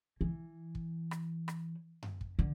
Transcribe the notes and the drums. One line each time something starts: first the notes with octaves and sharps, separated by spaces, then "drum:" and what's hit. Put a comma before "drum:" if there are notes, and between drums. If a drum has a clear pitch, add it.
E3
drum: kick
drum: rim click
drum: rim click
drum: tom F#2
drum: kick
D3